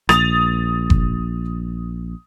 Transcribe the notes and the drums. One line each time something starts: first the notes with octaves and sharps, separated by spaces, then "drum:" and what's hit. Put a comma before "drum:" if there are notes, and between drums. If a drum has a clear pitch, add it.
A#1 D#6 A6 F7, drum: rim click
drum: kick F#1